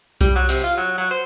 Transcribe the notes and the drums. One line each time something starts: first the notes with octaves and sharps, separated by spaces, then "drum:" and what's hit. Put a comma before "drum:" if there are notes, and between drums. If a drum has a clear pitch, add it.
G3, drum: kick B1, hi-hat
F#3
C3, drum: open hi-hat
F4
F#3
F#3
C5